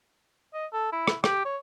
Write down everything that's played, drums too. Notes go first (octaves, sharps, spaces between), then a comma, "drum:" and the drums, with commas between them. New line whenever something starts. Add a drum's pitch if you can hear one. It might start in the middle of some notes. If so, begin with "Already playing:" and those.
D#5
A4
E4
drum: rim click
G4, drum: rim click
C#5